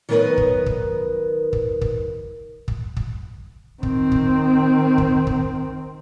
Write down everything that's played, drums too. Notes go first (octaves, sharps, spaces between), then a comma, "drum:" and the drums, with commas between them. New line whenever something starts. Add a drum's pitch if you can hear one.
D#3 F#3 B3 A#4 B4 D#5
drum: kick
drum: kick
drum: kick
drum: kick
drum: kick
drum: kick
D#3 C4, drum: kick
drum: kick
drum: kick
drum: kick